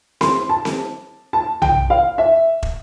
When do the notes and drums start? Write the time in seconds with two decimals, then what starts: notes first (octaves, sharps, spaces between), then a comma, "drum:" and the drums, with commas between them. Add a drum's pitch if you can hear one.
0.21 C6, drum: snare C4
0.49 A5
0.65 drum: snare C4
1.33 A5
1.62 G5, drum: tom B1
1.90 F5
2.18 E5
2.63 drum: kick